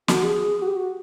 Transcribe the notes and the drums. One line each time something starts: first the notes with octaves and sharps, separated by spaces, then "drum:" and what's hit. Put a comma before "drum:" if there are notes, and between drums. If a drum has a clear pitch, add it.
F#4, drum: snare
G#4
F#4
G4
F#4